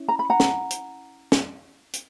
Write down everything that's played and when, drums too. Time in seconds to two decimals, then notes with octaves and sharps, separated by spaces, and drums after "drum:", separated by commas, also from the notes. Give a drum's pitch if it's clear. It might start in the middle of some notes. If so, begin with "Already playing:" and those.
Already playing: C#4 E4
0.08 A#5
0.19 B5
0.30 F#5 A#5
0.40 drum: snare
0.71 drum: hi-hat
1.32 drum: snare
1.93 drum: hi-hat